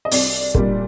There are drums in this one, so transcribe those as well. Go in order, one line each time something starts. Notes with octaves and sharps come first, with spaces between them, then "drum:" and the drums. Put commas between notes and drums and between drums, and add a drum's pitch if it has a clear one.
D#5
C2 D5, drum: open hi-hat
A#2 G3, drum: kick